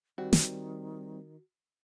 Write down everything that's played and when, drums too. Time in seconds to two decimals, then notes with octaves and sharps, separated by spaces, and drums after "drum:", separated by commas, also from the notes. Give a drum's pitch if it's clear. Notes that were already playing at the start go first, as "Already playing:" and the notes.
0.18 D#3 G3 C4 F#4
0.33 drum: snare